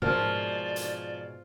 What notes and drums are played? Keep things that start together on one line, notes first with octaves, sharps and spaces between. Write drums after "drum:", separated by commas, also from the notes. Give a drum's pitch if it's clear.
G#2 B2 F3 A#4 D5, drum: tom
drum: hi-hat